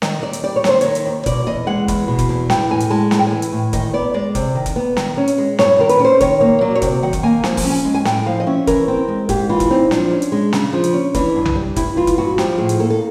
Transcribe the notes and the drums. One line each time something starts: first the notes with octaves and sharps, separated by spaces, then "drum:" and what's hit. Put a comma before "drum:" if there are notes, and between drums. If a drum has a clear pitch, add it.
D#3 D#5, drum: snare
D#2 D5
drum: hi-hat
G3 D5
C#5
D#2 C5, drum: snare
D#3 C#5, drum: hi-hat
drum: hi-hat
D#2
B2 D5, drum: kick F1, hi-hat
E2 D#5
G#3 F#5
E2, drum: kick F1, hi-hat
B2
drum: kick F1, hi-hat
E2
E3 G5, drum: snare
A2 G#5
drum: hi-hat
G#3 A5
A2 G#5, drum: snare
G5
G#5
E3
drum: hi-hat
A2
D#3 D#5, drum: kick F1, hi-hat
B3 D5
G#3 D5
C3, drum: kick F1, hi-hat
D#3
drum: kick F1, hi-hat
B3
D#3, drum: snare
C#4
drum: hi-hat
G#3
G2 C#5, drum: snare
D#3 A#4
B4, drum: hi-hat
C#4
C5
D#3 C#5, drum: kick F1, hi-hat
A#3 C#5
F#3 D5
C#5
C3 D5, drum: kick F1, hi-hat
D#3 F#5
drum: kick F1, hi-hat
A#3 G#5
F3 G#5, drum: snare
A5, drum: kick F1, open hi-hat
C#4
G#5
G#3
G#5
A2 G5, drum: snare
F3 F5
D#5
C#4 E5
E3 A#4, drum: kick F1, hi-hat
C4
G#3
G#2 G4, drum: kick F1, hi-hat
E3 F4
drum: kick F1, hi-hat
C4 D#4
F3 D4, drum: snare
C#4
drum: hi-hat
G#3
C#3, drum: snare
F3
drum: hi-hat
C#4
E3 D4, drum: kick F1, hi-hat
G2
drum: tom B1
G3
G2 E4, drum: kick F1, hi-hat
E3 F4
drum: kick F1, hi-hat
G2 F#4
F3 G4, drum: snare
A2 G#4
drum: hi-hat
A#3 A4
A4